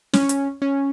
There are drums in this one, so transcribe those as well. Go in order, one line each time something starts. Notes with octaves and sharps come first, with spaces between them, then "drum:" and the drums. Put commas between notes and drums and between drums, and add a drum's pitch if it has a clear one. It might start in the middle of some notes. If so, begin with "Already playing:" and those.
C#4, drum: snare
drum: hi-hat
C#4